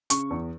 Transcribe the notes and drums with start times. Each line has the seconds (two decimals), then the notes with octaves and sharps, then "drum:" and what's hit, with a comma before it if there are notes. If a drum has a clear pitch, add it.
0.10 C#3 C#6, drum: hi-hat
0.30 E2